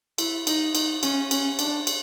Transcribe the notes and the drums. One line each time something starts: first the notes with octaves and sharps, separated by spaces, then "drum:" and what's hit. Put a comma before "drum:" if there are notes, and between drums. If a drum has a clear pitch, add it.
E4, drum: cymbal
D#4, drum: cymbal
D#4, drum: cymbal
C#4, drum: cymbal
C#4, drum: cymbal
D4, drum: cymbal
drum: cymbal